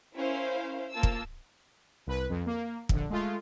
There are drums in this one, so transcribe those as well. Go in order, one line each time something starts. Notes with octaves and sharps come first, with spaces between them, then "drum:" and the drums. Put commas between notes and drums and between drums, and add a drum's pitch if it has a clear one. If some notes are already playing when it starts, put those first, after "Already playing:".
C#4 E4 A#4 C5 F5
A#3 F4 A5 E6
drum: kick
C2 B4
F2
A#3
A#1 D3, drum: kick
G#3 A3 F4